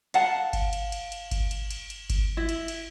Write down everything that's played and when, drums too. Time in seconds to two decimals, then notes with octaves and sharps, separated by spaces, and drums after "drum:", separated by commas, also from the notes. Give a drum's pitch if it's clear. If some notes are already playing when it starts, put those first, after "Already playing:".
0.14 F5 F#5 A5, drum: cymbal
0.53 drum: kick G1, cymbal
0.73 drum: cymbal
0.92 drum: cymbal
1.12 drum: cymbal
1.31 drum: kick G1, cymbal
1.51 drum: cymbal
1.70 drum: cymbal
1.90 drum: cymbal
2.10 drum: kick G1, cymbal
2.37 E4
2.49 drum: cymbal
2.68 drum: cymbal